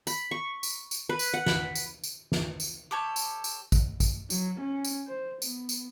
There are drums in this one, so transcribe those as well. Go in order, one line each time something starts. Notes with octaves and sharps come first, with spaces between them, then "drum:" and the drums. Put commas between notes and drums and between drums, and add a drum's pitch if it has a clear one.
B5, drum: tambourine
C#6
drum: tambourine
drum: tambourine
B4
drum: tambourine
F#5
B5, drum: snare
drum: tambourine
drum: tambourine
drum: snare
drum: tambourine
G4 A4 C#5
drum: tambourine
drum: tambourine
drum: kick, tambourine
drum: kick, tambourine
F#3, drum: tambourine
C#4
drum: tambourine
C5
B3, drum: tambourine
drum: tambourine